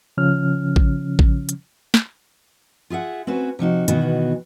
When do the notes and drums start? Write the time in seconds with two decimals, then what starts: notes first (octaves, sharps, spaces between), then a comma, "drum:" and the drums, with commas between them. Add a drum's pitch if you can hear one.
0.18 C#3 F3 C#4 F6
0.76 drum: kick A1
1.19 drum: kick A1
1.49 drum: hi-hat
1.94 drum: snare
2.90 F4 G#4 E5 F#5
3.27 C4 C#4 F#4 B4
3.59 C3 F3 D#4 F#4
3.88 B2 D#3 E3 B3 F#4, drum: hi-hat